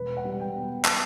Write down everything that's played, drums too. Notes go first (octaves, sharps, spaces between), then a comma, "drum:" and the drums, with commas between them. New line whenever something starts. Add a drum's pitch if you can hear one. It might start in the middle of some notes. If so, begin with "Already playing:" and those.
Already playing: E1 B4
F#5
G3
G5
B2
A5, drum: clap